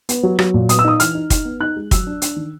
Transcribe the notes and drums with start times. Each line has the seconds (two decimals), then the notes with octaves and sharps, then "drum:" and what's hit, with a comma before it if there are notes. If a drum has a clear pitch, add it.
0.09 B3, drum: hi-hat
0.23 F#3
0.39 F#3, drum: rim click
0.54 A#2
0.69 B3 D#6, drum: hi-hat
0.79 E6
0.84 D#4 D#6
1.00 E3 F6, drum: hi-hat
1.15 D#4
1.30 D#4, drum: kick, hi-hat
1.45 B3
1.60 D#4 F#6
1.76 G#3
1.91 F#3 E6, drum: kick, hi-hat
2.07 D4
2.22 D4, drum: hi-hat
2.36 D#3